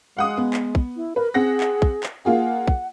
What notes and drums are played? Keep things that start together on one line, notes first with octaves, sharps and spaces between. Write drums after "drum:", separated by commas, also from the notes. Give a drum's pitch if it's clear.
G#3 F5 F#5 D#6
B3
drum: clap
drum: kick
E4
A#4 B4
C4 G#4 F#5 A#6
drum: clap
drum: kick
drum: clap
A#3 F4 G#4 F#5
drum: kick